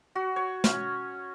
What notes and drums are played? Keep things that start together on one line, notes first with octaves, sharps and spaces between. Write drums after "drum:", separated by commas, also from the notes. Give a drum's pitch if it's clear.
F#4
C#5
C#4, drum: snare